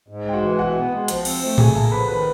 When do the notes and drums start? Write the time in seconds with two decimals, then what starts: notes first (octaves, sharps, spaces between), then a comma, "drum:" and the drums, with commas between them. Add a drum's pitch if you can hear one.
0.08 G#2
0.25 G#3 G5
0.33 F#4 F#5
0.42 E3
0.59 B2 F#4 F#5
0.76 B3
0.92 G#3
1.08 F3, drum: hi-hat
1.25 C4, drum: cymbal
1.42 A3
1.58 C#3 G#4 G#5, drum: tom A2
1.75 A#3 A4 A5
1.91 F3 B4 B5
2.08 D#3 B4 B5